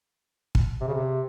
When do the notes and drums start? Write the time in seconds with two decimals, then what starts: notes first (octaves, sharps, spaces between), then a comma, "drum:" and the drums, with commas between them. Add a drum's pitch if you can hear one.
0.55 drum: kick
0.81 C3
0.88 C#3
0.94 C3